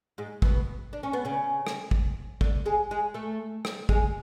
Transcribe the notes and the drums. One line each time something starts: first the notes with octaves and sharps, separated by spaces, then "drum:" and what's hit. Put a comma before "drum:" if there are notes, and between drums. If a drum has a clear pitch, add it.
G#2 G#3
B2 B3, drum: kick
D4
C#4
B3
C#3 C#4
drum: rim click
drum: kick
D3 D4, drum: kick
G#3 G#4
G#3 G#4
A3 A4
drum: rim click
G#3 G#4, drum: kick